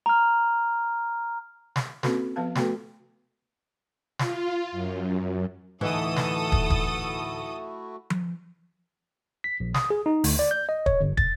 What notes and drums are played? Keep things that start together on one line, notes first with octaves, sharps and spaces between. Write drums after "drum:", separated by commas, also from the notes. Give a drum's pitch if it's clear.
A#5 F6
drum: snare
A#3 C4 C#4 F#4 A4 B4, drum: snare
F3 B3 B4 F5 A5
A3 B3 F#4 A4 B4, drum: snare
F4, drum: snare
F#2
D1 E3 A3 D#4 E4 F#4 A4 D#6
drum: snare
drum: kick
drum: kick
drum: tom F3
B6
A#1
D#6, drum: snare
G#4
D#4
D2, drum: open hi-hat
D5
G6
D#5
C#5, drum: kick
G1
A6, drum: kick